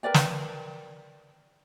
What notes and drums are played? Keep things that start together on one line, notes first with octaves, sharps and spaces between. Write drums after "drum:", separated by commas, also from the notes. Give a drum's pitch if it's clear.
A#4 B4 D5 G5
drum: snare